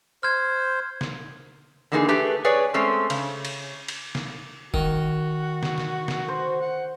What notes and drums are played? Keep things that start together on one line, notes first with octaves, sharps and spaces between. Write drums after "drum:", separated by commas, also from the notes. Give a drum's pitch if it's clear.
C5 F6 G#6
drum: snare
D3 E3 A#3 D#4 F4 G#4
A3 G4 G#4 B4
G#4 B4 C#5 D5 G#5
G#3 A3 C4 C#4
C#3, drum: cymbal
drum: cymbal
drum: cymbal
drum: snare
D#3 F#4, drum: kick
drum: snare
drum: snare
drum: snare
C5
F#5